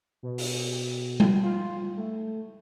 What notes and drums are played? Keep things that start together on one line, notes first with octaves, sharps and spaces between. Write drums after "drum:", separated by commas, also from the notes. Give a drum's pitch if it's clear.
B2
drum: open hi-hat
drum: tom G3
F4
A3